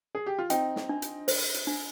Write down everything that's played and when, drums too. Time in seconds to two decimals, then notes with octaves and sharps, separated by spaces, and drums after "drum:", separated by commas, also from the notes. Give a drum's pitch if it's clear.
0.15 G#4
0.26 G4
0.39 F4
0.50 C4 D#4 G5, drum: hi-hat
0.76 drum: snare
0.89 D4
1.02 drum: hi-hat
1.28 C5, drum: open hi-hat
1.54 drum: hi-hat
1.67 D4